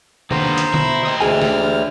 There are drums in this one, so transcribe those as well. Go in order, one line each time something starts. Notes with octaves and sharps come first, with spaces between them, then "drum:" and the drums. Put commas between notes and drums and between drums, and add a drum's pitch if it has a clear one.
D#2 D3 B3 C5 A#5, drum: tom C3
drum: hi-hat
B2 E4, drum: tom D3
G4 D#5
D2 G#4 G#5 F6
drum: snare